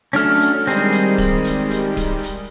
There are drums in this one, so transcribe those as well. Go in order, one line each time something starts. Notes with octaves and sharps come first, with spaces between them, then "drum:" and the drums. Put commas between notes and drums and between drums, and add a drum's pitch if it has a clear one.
F#3 A3 C#4 D4 A4 F6, drum: hi-hat
drum: hi-hat
D#3 G3 G#3 C4 G#4, drum: hi-hat
drum: hi-hat
drum: kick D1, open hi-hat
drum: hi-hat
drum: hi-hat
drum: kick D1, hi-hat
drum: hi-hat